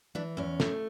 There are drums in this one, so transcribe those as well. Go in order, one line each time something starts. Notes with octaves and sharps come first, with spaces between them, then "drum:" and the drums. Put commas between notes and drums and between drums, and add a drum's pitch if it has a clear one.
E3 D4
E2 C#4
A3, drum: snare